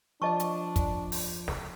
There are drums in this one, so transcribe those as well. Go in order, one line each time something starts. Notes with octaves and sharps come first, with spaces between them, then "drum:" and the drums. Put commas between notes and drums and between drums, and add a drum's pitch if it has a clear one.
F3 D4 F4 D5 D#5 A5 C#6
drum: hi-hat
drum: kick, hi-hat
drum: open hi-hat
drum: snare